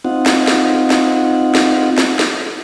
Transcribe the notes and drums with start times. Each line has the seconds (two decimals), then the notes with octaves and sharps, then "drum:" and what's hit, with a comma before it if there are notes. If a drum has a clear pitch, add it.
0.05 C4 D#4 F4 F#5
0.26 drum: snare
0.47 drum: snare
0.90 drum: snare
1.55 drum: snare
1.98 drum: snare
2.19 drum: snare